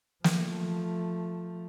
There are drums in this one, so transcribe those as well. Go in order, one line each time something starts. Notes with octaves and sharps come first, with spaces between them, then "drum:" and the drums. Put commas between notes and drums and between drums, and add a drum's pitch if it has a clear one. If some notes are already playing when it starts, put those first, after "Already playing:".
F3 A3, drum: snare